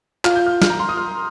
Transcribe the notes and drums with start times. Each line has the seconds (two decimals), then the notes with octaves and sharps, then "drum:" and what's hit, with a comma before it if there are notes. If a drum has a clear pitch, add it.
0.25 F4 F6, drum: clap
0.35 G6
0.46 F6
0.62 F6, drum: snare
0.70 A#5
0.79 C6
0.89 D#6
0.97 F6